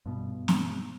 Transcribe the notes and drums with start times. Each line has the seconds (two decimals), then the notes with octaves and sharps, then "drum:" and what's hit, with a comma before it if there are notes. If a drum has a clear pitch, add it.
0.06 G2 B2
0.48 drum: snare